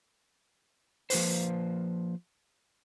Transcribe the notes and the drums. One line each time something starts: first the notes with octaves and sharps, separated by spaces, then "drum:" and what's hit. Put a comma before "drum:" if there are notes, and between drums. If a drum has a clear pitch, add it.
F3 A#3 B4 C5, drum: open hi-hat